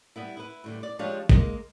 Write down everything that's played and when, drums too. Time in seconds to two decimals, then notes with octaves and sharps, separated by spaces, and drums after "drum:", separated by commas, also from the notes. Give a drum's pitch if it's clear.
0.16 G3 B3 E4
0.37 E4 B4
0.64 A2 D3 G3
0.83 D5
0.99 F3 G#3 D4 G4 C#5 F5
1.29 G#3 A#3, drum: kick